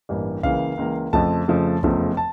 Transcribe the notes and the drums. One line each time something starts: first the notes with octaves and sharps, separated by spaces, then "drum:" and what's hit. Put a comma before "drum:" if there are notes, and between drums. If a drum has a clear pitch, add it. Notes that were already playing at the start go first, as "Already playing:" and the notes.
A1 G2 E3 G3 A#3
C#2 C#3 E3 A#3 F5, drum: kick
C#2 C#3 E3 A#3
F2 C#3 F3 A3 A5, drum: kick
F2 C#3 F3 A3
F1 E2 C#3 F3 A3, drum: kick
A5